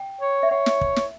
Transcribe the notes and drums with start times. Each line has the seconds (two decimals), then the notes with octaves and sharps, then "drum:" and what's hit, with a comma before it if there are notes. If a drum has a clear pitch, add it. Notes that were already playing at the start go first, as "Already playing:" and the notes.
Already playing: G5
0.21 C#5
0.43 E5
0.51 C#5 F#5
0.66 drum: snare
0.81 drum: kick
0.96 drum: snare